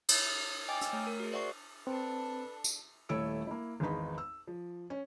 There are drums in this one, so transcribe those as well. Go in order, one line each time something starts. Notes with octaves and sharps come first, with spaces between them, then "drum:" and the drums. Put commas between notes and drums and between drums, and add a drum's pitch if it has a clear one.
drum: cymbal
D#5 G5 G#5 D6 A6
E6 F6, drum: hi-hat
A3 C#5
A#4
F#4 G#4
C5 D5 E5 F#5 C#6 C7
C4 D4 A4 B4
drum: tambourine
D#1 A3 E4 C#5 E6 D7
A#3 E4
G#1 E2 B3 D#4 B5
E6
F3
C#4